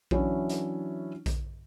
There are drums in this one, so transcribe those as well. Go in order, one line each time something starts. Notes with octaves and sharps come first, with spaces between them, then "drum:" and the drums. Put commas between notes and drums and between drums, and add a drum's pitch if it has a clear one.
E3 F#3 C#4 D4 E4, drum: kick A#1
drum: hi-hat
drum: kick A#1, hi-hat